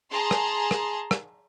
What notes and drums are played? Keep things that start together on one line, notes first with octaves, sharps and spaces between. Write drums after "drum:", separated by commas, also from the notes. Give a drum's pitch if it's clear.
G#4 A5 A#5 C6
drum: rim click
drum: rim click
drum: rim click